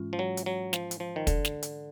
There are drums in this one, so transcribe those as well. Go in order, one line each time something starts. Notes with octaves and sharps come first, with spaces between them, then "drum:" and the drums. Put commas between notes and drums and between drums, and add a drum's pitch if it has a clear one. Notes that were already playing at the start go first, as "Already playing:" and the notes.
Already playing: G#2 E3 G#3 C#4 F4
F3
F#3
drum: hi-hat
F#3
F3, drum: snare
drum: hi-hat
F3
D#3
D3, drum: kick, hi-hat
drum: snare
drum: hi-hat